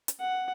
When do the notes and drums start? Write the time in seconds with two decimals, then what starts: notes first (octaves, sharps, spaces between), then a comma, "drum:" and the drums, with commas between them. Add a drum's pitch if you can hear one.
0.08 drum: hi-hat
0.20 F#5